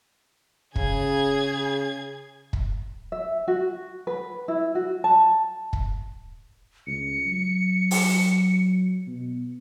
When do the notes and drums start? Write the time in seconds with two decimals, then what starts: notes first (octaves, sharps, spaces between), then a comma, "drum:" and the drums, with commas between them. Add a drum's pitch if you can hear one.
0.76 C#3 G#4 G#6, drum: kick
2.53 drum: kick
3.12 E5
3.48 F#4
4.07 B4
4.48 E4
4.75 F#4
5.04 A5
5.73 drum: kick
6.87 C#2 C#7
7.26 F#3
7.91 drum: open hi-hat
9.07 B2